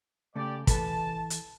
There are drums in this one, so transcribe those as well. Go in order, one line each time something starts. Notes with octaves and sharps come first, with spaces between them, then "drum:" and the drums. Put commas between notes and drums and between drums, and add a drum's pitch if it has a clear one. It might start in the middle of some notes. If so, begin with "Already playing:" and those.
C#3 A3 G4 D5
E3 A4 B4 A5, drum: kick, hi-hat
drum: hi-hat